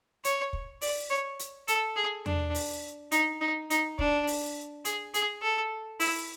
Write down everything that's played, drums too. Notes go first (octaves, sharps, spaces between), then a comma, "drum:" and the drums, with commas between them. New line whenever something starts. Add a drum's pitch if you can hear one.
C#5, drum: hi-hat
drum: kick
D5, drum: open hi-hat
C#5
drum: hi-hat
A4, drum: hi-hat
G#4
D4, drum: tom E2
drum: open hi-hat
D#4, drum: hi-hat
D#4
D#4, drum: hi-hat
D4, drum: kick
drum: open hi-hat
G#4, drum: hi-hat
G#4, drum: hi-hat
A4
E4, drum: open hi-hat